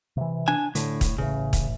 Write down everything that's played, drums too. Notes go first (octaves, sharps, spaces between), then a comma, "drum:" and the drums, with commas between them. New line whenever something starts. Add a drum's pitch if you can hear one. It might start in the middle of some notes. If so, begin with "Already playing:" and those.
C3 E3
D4 G#5
A2 D3, drum: hi-hat
drum: kick, hi-hat
A1 A2 C#3
drum: kick, hi-hat